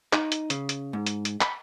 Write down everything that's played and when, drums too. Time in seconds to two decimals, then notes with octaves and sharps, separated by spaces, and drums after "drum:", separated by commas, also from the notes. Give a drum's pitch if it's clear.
0.13 D#4, drum: clap
0.32 drum: hi-hat
0.50 C#3, drum: hi-hat
0.69 drum: hi-hat
0.93 G#2
1.06 drum: hi-hat
1.25 drum: hi-hat
1.41 B5, drum: clap